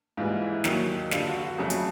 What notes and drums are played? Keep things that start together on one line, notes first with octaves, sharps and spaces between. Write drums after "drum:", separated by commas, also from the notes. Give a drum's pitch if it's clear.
G#2 E3 G3 F4
E4
D#2 D#3 F#3, drum: snare
G2 D3 G3 F4, drum: snare
F#4
F#4
F2 C#3 F#3 A3
drum: hi-hat